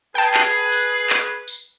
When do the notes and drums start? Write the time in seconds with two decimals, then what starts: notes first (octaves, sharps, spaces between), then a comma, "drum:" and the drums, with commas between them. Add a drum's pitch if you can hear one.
0.15 G#4 B4 G5 A5
0.34 drum: clap
0.72 drum: tambourine
1.10 drum: clap
1.48 drum: tambourine